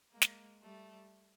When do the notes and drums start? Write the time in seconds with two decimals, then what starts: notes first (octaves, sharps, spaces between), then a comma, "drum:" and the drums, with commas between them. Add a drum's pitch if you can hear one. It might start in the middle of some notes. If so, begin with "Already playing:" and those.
0.12 G#3 A#3
0.22 drum: snare
0.62 G3 A3